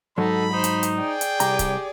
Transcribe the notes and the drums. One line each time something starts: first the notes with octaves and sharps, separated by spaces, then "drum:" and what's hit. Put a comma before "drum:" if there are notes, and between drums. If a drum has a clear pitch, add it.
G#2 F#3 D#4 A4 B5
D#4 C5
drum: hi-hat
drum: hi-hat
G#4 D5 G5
drum: hi-hat
C2 G4 A#5, drum: hi-hat
drum: kick, hi-hat